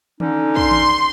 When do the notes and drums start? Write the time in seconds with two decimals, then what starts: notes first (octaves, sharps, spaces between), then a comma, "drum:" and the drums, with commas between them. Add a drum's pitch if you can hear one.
0.20 D3 C#4 D#4, drum: tom D#3
0.56 C6, drum: kick
0.71 drum: tom D#3